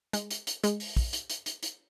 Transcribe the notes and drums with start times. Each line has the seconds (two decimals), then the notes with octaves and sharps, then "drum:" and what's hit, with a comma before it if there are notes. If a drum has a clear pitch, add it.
0.13 G#3, drum: hi-hat
0.30 drum: hi-hat
0.47 drum: hi-hat
0.64 G#3, drum: hi-hat
0.80 drum: open hi-hat
0.97 drum: kick, open hi-hat
1.13 drum: hi-hat
1.30 drum: hi-hat
1.46 drum: hi-hat
1.63 drum: hi-hat